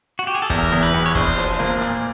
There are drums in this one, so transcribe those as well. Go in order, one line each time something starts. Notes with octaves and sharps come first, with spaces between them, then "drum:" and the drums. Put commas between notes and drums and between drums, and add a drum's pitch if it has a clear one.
F#4
G4
G#4
A4
E2 A#4, drum: kick, hi-hat
E2, drum: snare
B4
E2
C#5
A#1 C5, drum: kick, hi-hat
F3, drum: open hi-hat
A#3, drum: snare
A#2, drum: hi-hat